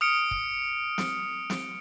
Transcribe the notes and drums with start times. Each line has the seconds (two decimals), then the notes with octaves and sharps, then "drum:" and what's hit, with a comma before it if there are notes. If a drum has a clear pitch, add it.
0.01 D#6 F6 C#7 D7
0.31 drum: kick
0.98 drum: snare
1.50 drum: snare